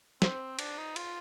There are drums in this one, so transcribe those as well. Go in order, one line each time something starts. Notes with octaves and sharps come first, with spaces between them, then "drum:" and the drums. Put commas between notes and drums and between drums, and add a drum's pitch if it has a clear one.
C4 C5, drum: snare
D4, drum: cymbal
D#4
F4, drum: cymbal